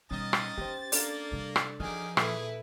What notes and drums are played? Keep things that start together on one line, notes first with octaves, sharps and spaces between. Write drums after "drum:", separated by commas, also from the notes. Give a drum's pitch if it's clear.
B2 D#3 G3 C#4 D#5 A6
drum: rim click
C#4 G4 C5
A#3 D4 A4 D5, drum: open hi-hat
C3 G3
drum: rim click
F#2 D#3 F3 D#4 G#4 D6
A#2 E3 E4 G#4 A4 B4, drum: rim click